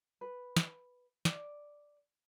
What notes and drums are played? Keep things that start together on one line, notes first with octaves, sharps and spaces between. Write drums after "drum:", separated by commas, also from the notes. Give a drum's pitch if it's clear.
B4
drum: snare
D5, drum: snare